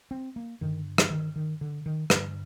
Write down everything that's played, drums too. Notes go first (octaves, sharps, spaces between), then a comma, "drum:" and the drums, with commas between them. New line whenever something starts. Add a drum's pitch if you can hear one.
C4
A#3
G2 D3 D#3
drum: rim click
D#3
D#3
D3
D#3
G2 D3 G3, drum: rim click